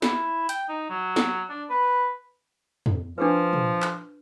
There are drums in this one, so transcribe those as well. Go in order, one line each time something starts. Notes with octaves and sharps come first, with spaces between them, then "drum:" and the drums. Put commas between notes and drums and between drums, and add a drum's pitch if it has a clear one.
E4, drum: snare
G5, drum: hi-hat
D#4
F#3
drum: snare
D4
B4
drum: tom
F3 D4 G#4 B4
drum: tom
drum: clap